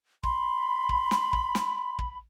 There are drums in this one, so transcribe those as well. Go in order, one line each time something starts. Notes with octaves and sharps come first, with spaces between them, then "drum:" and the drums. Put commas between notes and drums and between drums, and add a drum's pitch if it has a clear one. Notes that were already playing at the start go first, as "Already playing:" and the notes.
B5 C6, drum: kick
drum: kick
drum: snare
drum: kick
drum: snare
drum: kick